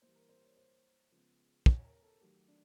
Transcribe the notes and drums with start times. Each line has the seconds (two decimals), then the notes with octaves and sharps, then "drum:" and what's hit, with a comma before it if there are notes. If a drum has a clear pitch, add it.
0.02 E3 G3 A#3 C5
0.16 A#4
0.29 C5
0.43 C#5
0.57 C5
1.12 C#3 F3 G#3 B3
1.66 C#5, drum: kick
1.84 A#4
2.02 A4
2.20 D#3 F#3 A3 G4
2.48 D4